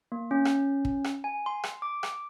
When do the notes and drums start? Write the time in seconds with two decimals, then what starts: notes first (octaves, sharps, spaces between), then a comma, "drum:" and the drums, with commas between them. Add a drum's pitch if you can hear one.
0.12 A#3
0.31 C#4
0.45 drum: rim click
0.85 drum: kick
1.04 drum: rim click
1.24 G#5
1.46 C6
1.63 drum: rim click
1.82 D6
2.03 drum: rim click